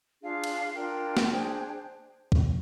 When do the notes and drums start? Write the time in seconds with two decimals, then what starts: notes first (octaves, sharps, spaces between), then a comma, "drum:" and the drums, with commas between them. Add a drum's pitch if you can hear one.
0.22 D4 F4 G#4 F5
0.44 drum: cymbal
0.75 D4 F4 A#4 G5
1.17 drum: snare
1.28 D4 G#4 C5
2.32 drum: kick